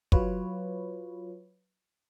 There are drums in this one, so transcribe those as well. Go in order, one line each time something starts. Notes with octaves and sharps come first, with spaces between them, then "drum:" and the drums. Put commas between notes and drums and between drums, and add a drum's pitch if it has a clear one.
F#3 F4 B4 C#5, drum: kick